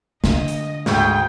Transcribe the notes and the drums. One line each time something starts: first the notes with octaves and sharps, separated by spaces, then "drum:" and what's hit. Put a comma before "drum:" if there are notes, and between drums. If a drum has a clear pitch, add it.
D3 D#5, drum: snare
drum: hi-hat
D2 G#2 G5, drum: snare